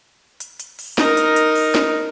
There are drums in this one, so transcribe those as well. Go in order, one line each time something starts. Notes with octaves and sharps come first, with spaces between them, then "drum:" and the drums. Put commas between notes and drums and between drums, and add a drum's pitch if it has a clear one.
drum: hi-hat
drum: hi-hat
drum: open hi-hat
D#4 A#4, drum: snare
drum: hi-hat
drum: hi-hat
drum: open hi-hat
drum: snare